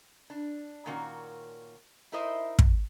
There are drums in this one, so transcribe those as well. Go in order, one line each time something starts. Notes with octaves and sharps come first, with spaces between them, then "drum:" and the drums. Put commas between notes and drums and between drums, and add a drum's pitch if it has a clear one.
D4
A#2 D#3 A#3 C#4 F#4
D#4 E4 A#4 C5 D#5 E5
drum: kick